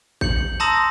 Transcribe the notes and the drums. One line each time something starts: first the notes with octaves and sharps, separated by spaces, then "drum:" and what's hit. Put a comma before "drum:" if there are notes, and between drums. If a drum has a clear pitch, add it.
G6 C#7 F#7, drum: kick G#1
A5 A#5 C6 D#6 E6 A#6